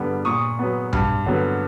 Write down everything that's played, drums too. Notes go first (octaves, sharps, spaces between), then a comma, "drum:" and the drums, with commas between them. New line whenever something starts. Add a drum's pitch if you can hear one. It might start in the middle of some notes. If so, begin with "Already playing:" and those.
Already playing: G2 D3 G3 B3
A#2 C#6 D#6
F#3 B3
G2, drum: tom B1
D3 F#3 B3